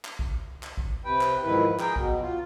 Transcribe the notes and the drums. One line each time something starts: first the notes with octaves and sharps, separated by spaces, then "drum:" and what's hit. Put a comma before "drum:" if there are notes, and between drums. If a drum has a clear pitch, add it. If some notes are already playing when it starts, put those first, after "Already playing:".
drum: clap
drum: kick G#1
drum: clap
drum: kick G#1
C3 B4 G5
drum: clap
F2 G#2 D#3 E4 B4
G#4 A#4 G5, drum: clap
B2 F#3, drum: kick G#1
F4